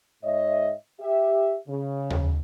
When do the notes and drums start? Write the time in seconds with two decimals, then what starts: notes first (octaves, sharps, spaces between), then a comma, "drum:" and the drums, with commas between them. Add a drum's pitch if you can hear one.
0.24 G#2 C#5 D#5 E5
1.00 G4 E5
1.68 C#3
2.10 drum: tom D#2